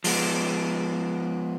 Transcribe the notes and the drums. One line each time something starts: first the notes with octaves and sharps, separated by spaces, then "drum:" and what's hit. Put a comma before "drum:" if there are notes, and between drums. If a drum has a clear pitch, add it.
F3 G#3 B3, drum: open hi-hat